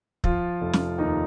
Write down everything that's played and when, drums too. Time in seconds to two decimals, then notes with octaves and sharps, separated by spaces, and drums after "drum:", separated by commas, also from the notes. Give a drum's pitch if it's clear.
0.24 F3 F4, drum: kick
0.61 F1
0.73 drum: snare
0.98 D#2 D#4